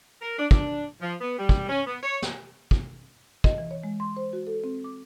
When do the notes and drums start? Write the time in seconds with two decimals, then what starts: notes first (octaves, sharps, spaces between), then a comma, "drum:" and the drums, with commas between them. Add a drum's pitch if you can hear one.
0.20 A#4
0.38 D4
0.51 D4, drum: kick
1.00 F3
1.21 B3
1.37 G3
1.49 drum: kick
1.69 C#4
1.86 B3
2.03 C#5
2.22 drum: snare
2.71 drum: kick
3.44 D#5, drum: kick
3.58 E3
3.71 C#5
3.84 G#3
4.00 C6
4.17 C5
4.33 F#4
4.47 A4
4.64 C4
4.84 D6